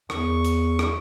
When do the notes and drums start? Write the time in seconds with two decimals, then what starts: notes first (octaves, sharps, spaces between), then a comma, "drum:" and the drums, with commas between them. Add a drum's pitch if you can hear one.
0.10 E2 C#6, drum: rim click
0.45 drum: hi-hat
0.79 drum: rim click